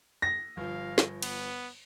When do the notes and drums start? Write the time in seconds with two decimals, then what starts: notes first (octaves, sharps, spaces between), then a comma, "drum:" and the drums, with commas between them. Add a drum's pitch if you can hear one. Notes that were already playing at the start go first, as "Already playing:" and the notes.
0.22 A#6
0.57 G1 F3 F5
0.98 drum: snare
1.22 B3, drum: cymbal